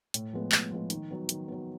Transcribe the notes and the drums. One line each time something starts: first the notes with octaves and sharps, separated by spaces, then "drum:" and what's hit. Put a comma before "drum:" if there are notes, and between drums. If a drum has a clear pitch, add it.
A2, drum: hi-hat
F3 G#3 B3
A2, drum: clap
F3 G#3 B3
D#3, drum: hi-hat
F#3 B3
D#3, drum: hi-hat
F#3 B3